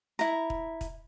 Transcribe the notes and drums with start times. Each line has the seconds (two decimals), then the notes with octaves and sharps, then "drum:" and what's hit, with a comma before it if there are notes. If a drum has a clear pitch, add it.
0.19 E4 A#5, drum: hi-hat
0.50 drum: kick
0.81 drum: kick, hi-hat